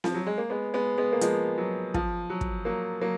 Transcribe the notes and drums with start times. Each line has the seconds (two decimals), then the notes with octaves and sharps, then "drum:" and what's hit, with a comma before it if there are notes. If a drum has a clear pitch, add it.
0.04 F3, drum: snare C4
0.14 F#3
0.26 G#3
0.38 A#3
0.50 G#3 B3
0.74 G#3 B3
0.98 G#3 B3
1.12 A#3
1.21 F3 G#3, drum: hi-hat
1.58 F#3
1.94 F3, drum: kick
2.30 F#3
2.41 drum: kick
2.65 F#3 A#3
3.01 F#3 A#3